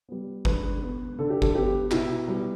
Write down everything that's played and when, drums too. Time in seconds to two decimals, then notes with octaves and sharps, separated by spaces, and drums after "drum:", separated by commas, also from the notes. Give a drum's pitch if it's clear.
0.09 G3 B3
0.45 D3 B4, drum: kick G1
0.82 B3
1.19 D3 A4
1.30 G4
1.42 A4, drum: kick G1
1.55 B3 G4
1.91 B2 E4, drum: clap
2.28 G3 B3